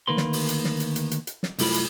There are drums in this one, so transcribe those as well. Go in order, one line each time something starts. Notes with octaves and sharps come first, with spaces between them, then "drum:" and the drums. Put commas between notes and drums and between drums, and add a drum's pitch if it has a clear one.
D2 D#3 A#3 B4 C6
drum: snare
drum: open hi-hat
drum: hi-hat
drum: snare
drum: hi-hat
drum: hi-hat
drum: hi-hat
drum: hi-hat
drum: snare
C2 F#2 A3 E4 F4 B5, drum: open hi-hat
drum: hi-hat